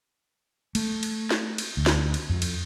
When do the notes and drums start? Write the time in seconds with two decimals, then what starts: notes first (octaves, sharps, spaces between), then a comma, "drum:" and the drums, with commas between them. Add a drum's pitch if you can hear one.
0.75 A3, drum: cymbal
1.03 drum: cymbal
1.31 drum: snare
1.58 drum: cymbal
1.77 D2
1.86 drum: snare
2.14 drum: cymbal
2.29 F2
2.42 drum: cymbal